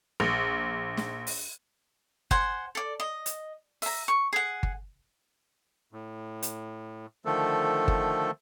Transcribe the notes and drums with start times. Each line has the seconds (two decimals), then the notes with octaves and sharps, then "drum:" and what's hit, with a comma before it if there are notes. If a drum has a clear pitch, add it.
0.20 A#1
0.97 drum: snare
1.27 drum: open hi-hat
2.31 C5 F#5 G#5, drum: kick G1
2.75 A4 D5
3.00 D#5
3.26 drum: hi-hat
3.82 E5 A#5, drum: open hi-hat
4.08 C#6
4.33 G#4 F#5
4.63 drum: kick G1
5.93 A2
6.43 drum: hi-hat
7.25 D3 D#3 F3 A3 A4
7.88 drum: kick G1